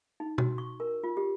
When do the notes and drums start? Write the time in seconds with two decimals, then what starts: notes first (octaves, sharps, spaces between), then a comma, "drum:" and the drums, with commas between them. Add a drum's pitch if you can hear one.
0.20 D#4
0.38 F#4, drum: tom B2
0.58 C#6
0.80 A#4
1.04 F4
1.17 G4